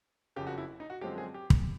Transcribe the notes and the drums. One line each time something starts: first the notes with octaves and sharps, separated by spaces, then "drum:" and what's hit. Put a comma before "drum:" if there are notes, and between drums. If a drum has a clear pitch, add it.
F#1 F2 C#3 F3 G4
F#4
E4
D#4
F#4
F#2 D3 F3 G#3 C4 G4
G#4
G4
drum: kick